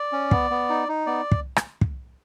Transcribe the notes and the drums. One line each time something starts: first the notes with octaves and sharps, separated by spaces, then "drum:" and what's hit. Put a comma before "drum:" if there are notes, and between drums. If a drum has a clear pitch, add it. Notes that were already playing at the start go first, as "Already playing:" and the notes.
Already playing: D5
C#4
B3, drum: kick
B3
D#4
D#4
B3 D5
drum: kick
drum: rim click
drum: kick